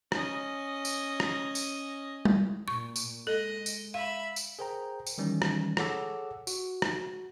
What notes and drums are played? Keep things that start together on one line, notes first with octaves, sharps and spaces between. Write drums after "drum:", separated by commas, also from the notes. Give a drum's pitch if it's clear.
C#4 D#5, drum: rim click
drum: tambourine
drum: rim click
drum: tambourine
drum: tom G3
A#2 C#6
drum: tambourine
G#3 A4 D#5
drum: tambourine
E5 F5 B5
drum: tambourine
G#4 A#4 C5 G5 A#5
drum: tambourine
D#3 E3 G3 C#4
drum: rim click
G#4 A4 C#5 F#5 D6 E6, drum: rim click
F#4, drum: tambourine
drum: rim click